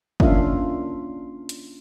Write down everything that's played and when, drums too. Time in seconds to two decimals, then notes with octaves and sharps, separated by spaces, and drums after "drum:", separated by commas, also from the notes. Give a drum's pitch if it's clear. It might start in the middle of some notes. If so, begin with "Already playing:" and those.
0.20 A#3 C#4 D4 F4 E5 F5, drum: kick
1.49 drum: hi-hat